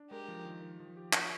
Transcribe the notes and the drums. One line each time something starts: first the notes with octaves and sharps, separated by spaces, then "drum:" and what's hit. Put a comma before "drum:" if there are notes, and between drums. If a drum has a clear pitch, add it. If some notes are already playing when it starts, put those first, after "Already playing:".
Already playing: D4
G#3 G4 A#4
F3
D#3
D#3
F3
G4
F4, drum: clap